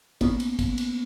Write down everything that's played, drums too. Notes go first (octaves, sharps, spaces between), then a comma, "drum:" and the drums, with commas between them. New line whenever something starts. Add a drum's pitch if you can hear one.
A#3 B3 C#4, drum: kick, cymbal
drum: cymbal
drum: kick, cymbal
drum: cymbal